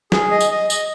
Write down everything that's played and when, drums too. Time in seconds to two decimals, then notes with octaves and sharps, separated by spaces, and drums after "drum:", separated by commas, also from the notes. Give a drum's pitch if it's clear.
0.12 G#4, drum: snare
0.31 D#5
0.41 drum: tambourine
0.50 D#5
0.70 D#5, drum: tambourine